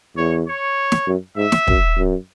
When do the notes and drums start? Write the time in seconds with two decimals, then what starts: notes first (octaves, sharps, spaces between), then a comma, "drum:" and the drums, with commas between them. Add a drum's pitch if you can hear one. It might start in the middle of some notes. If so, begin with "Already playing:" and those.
0.16 E2 C#5
0.47 C#5
0.92 drum: snare
1.07 F#2
1.37 G#2 E5
1.52 drum: snare
1.68 F#2, drum: kick
1.97 F#2